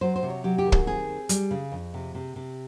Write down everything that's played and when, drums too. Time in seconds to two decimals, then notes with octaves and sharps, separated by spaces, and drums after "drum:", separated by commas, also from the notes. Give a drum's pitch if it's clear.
0.01 F#3 C5
0.16 C5
0.23 C3
0.30 C#5
0.44 F#3 G4
0.58 G4
0.66 D#3
0.72 G#4, drum: kick
0.87 C4 G#4
1.09 C4
1.29 G3, drum: hi-hat
1.51 C#3
1.72 F2
1.94 C3
2.15 C3
2.36 C3